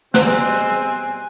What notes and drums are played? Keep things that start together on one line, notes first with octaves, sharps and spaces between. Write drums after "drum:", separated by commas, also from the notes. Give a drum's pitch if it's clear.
B2 G3 G#3 C4 G#5 F#6, drum: snare